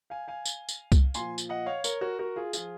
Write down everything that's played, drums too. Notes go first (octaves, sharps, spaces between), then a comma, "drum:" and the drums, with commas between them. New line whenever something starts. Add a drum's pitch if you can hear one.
F5 G#5
F5 G#5
drum: tambourine
drum: tambourine
drum: kick C2, tambourine
A#2 F3 G#5 C6, drum: tambourine
drum: tambourine
D#5 F#5
C#5 F5
A#4 C#5, drum: tambourine
F#4 A#4
F#4 A#4
F4 G#4
F3 F4 G#4, drum: tambourine